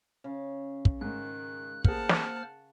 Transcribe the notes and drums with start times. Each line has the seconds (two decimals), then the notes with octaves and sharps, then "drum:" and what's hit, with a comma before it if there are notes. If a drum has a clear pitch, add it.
0.24 C#3
0.85 drum: kick
1.01 G#2 D#3 F#6
1.85 A#3 G#4 A#4 C5 F#5 A5 F6, drum: kick
2.09 drum: snare